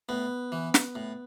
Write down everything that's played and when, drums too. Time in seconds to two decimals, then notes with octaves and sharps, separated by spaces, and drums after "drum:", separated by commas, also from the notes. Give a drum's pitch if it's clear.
0.09 A2 B3
0.52 E3
0.74 drum: snare
0.95 A2